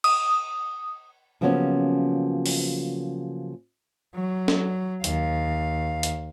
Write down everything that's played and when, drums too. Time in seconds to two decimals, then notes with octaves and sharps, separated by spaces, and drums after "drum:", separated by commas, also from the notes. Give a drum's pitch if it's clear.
0.04 D#6, drum: cymbal
1.41 C#3 F3 F#3 A#3 B3 C#4
2.46 drum: open hi-hat
4.15 F#3
4.48 drum: snare
5.04 D#2 F5, drum: hi-hat
6.03 drum: hi-hat